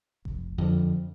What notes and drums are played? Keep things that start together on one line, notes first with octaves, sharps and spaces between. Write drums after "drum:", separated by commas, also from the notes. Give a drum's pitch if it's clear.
F1, drum: kick A1
F2 D3 F3